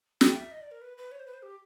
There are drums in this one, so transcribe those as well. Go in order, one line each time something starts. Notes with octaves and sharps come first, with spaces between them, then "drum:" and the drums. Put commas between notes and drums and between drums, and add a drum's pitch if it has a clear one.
G5, drum: snare
E5
D#5
D5
A#4
B4
B4
C#5
C5
B4
C5
G4